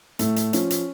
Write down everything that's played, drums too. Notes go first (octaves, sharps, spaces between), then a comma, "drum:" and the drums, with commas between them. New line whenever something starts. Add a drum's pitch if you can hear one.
A2 A3, drum: hi-hat
drum: hi-hat
F3 C#4, drum: hi-hat
drum: hi-hat